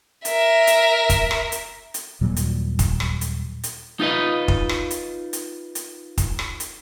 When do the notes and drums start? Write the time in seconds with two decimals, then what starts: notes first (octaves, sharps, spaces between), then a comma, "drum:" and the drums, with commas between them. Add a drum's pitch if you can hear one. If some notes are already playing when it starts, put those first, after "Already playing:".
0.25 A#4 E5, drum: hi-hat
0.67 drum: hi-hat
1.09 drum: kick, hi-hat
1.31 drum: rim click
1.52 drum: hi-hat
1.94 drum: hi-hat
2.21 D#2 A#2 F#3 G3
2.37 drum: hi-hat
2.79 drum: kick, hi-hat
3.00 drum: rim click
3.21 drum: hi-hat
3.64 drum: hi-hat
4.00 D#4 F4 B4 D#5
4.48 drum: kick
4.69 drum: rim click
4.91 drum: hi-hat
5.33 drum: hi-hat
5.75 drum: hi-hat
6.18 drum: kick, hi-hat
6.39 drum: rim click
6.60 drum: hi-hat